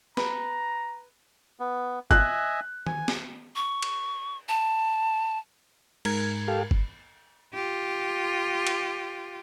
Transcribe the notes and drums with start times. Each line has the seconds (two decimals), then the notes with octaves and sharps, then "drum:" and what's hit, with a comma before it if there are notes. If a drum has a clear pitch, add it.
0.17 B4 A#5, drum: snare
1.60 B3
2.11 D#5 E5 G#5 F#6, drum: kick G1
2.86 G#5, drum: tom D#3
3.08 drum: snare
3.56 C#6
3.82 drum: cymbal
4.49 A5
6.05 G#2 A#4 G#6, drum: cymbal
6.48 G4 A4 F5
6.71 drum: kick G1
7.54 F4 G4
8.67 drum: cymbal